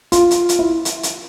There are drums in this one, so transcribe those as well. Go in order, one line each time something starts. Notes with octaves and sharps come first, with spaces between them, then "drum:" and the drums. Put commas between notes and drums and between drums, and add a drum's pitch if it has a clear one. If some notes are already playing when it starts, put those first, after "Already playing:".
F4, drum: hi-hat
drum: hi-hat
drum: hi-hat
E4
drum: hi-hat
drum: hi-hat